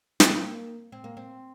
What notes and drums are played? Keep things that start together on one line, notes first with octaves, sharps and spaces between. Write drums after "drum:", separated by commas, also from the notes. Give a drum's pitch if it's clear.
A#3, drum: snare
C4
A#3
C4
A#3
C4